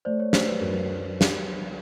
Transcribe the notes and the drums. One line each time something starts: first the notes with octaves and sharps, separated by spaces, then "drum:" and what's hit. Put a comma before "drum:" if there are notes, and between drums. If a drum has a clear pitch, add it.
A3 C5 D5
C#5
A3 C5, drum: snare
B4
F#2 A#4
B4
drum: snare